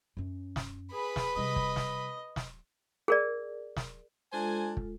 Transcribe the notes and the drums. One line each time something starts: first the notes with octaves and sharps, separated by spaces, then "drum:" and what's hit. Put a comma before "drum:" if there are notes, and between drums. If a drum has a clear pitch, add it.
F#2 C#4
drum: snare
G#4 B4 B5
drum: snare
C3 G3 D#5
drum: kick
drum: snare
drum: snare
G#4 A#4 D5
drum: snare
G#3 D4 F4 A4 C5 G#5
drum: kick